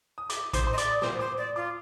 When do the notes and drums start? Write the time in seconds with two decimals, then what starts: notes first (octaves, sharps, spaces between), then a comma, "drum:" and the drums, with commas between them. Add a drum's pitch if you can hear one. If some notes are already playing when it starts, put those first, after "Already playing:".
0.18 D#6
0.30 D6, drum: hi-hat
0.53 C5 D6, drum: kick, hi-hat
0.67 C6
0.73 D#5
0.78 D5 D6, drum: hi-hat
0.91 D#6
1.02 C5 D6, drum: snare
1.19 C5 D6
1.38 D5
1.56 F4 D6